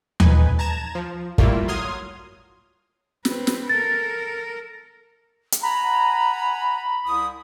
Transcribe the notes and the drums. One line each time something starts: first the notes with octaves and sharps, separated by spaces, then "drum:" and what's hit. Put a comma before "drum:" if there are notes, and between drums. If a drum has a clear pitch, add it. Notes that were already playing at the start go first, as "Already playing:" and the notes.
F2 D#4 B4 G#5, drum: tom D#2
A5 A#5 G#6 E7
F3
G3 A3 A#3 E4 F4, drum: kick
F#3 C6 D#6 F6 G#6
C4 B4, drum: snare
drum: snare
A4 A#4 A6
drum: hi-hat
F#5 G#5 A#5 B5
C2 E4 D#6